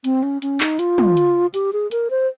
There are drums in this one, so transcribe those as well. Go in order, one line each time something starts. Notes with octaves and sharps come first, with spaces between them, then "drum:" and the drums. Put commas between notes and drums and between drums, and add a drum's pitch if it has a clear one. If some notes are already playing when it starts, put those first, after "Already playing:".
C4, drum: hi-hat
C#4
C#4, drum: hi-hat
D#4, drum: clap
F4, drum: hi-hat
drum: tom
drum: hi-hat
G4, drum: hi-hat
G#4
A#4, drum: hi-hat
C5